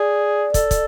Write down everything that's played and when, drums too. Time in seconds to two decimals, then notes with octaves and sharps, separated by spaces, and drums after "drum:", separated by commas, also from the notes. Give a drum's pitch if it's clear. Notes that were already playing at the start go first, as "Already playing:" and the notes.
Already playing: G#4 D5
0.54 A4, drum: kick, hi-hat
0.71 drum: kick, hi-hat